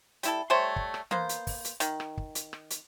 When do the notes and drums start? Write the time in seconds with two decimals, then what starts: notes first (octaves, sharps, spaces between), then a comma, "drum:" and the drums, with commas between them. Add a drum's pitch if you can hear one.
0.23 G3 E4 A4, drum: hi-hat
0.50 G3 A3 C5 C#5
0.76 drum: kick
0.94 drum: rim click
1.11 A#3 B3 C5, drum: tom
1.29 drum: hi-hat
1.47 drum: kick, open hi-hat
1.65 drum: hi-hat
1.80 D#3, drum: hi-hat
2.00 drum: rim click
2.17 drum: kick
2.35 drum: hi-hat
2.53 drum: rim click
2.70 drum: hi-hat